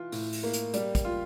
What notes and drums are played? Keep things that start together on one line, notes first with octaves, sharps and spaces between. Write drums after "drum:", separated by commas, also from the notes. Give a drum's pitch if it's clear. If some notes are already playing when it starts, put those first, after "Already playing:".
Already playing: E3 F4
A2, drum: open hi-hat
drum: open hi-hat
A#3
drum: hi-hat
G3, drum: hi-hat
drum: kick, hi-hat
F4